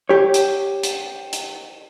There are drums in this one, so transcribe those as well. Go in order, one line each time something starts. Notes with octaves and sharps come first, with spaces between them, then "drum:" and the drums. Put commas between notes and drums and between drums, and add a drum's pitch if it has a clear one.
G4 C#5
drum: hi-hat
drum: hi-hat
drum: hi-hat